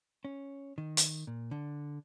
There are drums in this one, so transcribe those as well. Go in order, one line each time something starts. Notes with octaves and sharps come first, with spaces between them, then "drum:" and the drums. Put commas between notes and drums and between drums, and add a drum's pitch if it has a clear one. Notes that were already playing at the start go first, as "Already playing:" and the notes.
C#4
D#3
drum: hi-hat
A#2
D3